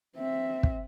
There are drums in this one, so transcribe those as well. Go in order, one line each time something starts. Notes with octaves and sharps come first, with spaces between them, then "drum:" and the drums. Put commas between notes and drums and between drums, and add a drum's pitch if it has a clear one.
C4 E5
drum: kick